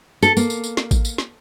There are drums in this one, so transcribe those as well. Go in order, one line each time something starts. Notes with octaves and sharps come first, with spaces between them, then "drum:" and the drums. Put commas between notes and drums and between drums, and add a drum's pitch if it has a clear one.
A4, drum: tambourine
A#3, drum: tambourine
drum: tambourine
drum: tambourine
drum: snare
drum: kick A1, tambourine
drum: tambourine
drum: snare